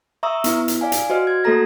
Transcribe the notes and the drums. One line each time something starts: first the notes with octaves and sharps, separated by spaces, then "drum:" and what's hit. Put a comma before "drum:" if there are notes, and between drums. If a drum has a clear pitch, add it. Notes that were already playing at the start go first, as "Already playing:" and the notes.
E5 A#5 C#6 D#6 E6
B3 E4, drum: hi-hat
drum: hi-hat
D5 F5 G#5
drum: hi-hat
F#4 C5 D#5 F6
G#6
A3 A#3 F#4 A4 A#5 A#6